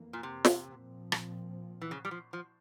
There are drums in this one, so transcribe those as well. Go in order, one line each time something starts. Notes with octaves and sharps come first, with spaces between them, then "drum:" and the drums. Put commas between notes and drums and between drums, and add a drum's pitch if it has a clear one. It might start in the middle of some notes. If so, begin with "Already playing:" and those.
Already playing: F2 E3 A#3
A#2
C3
drum: snare
A#2 F3 C4
drum: rim click
E3
C#3
G3
F3
F3